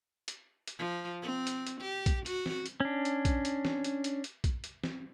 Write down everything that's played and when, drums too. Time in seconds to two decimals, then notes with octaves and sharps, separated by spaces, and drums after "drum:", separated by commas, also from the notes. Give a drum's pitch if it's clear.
0.28 drum: hi-hat
0.67 drum: hi-hat
0.79 F3
1.22 C4
1.47 drum: hi-hat
1.67 drum: hi-hat
1.81 G4
2.06 drum: kick A#1, hi-hat
2.26 F#4, drum: hi-hat
2.46 drum: snare
2.66 drum: hi-hat
2.80 C#4 D4
3.05 drum: hi-hat
3.25 drum: kick A#1, hi-hat
3.45 drum: hi-hat
3.65 drum: snare
3.84 drum: hi-hat
4.04 drum: hi-hat
4.24 drum: hi-hat
4.44 drum: kick A#1, hi-hat
4.64 drum: hi-hat
4.84 drum: snare